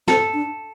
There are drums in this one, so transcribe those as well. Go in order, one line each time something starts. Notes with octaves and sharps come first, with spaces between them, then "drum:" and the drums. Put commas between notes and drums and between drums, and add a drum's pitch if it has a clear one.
C4 A4, drum: snare
D4